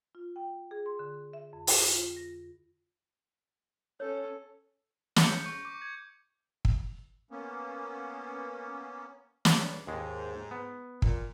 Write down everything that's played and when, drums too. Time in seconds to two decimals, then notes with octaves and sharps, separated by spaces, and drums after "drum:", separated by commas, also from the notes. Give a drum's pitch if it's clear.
0.15 F4
0.36 G5
0.71 G#4
0.86 C6
0.99 D3
1.33 E5
1.53 F2
1.67 B5, drum: open hi-hat
1.89 F4
2.16 A#6
4.00 C#4 A4 C#5
5.16 C#7, drum: snare
5.29 G6
5.46 C#6
5.65 D6
5.82 G#6
6.65 drum: kick
7.31 A#3 B3 C#4
9.45 drum: snare
9.57 G2 D4 C#5
9.87 D#2 G#2 G#3
10.51 B3
11.02 A#2, drum: kick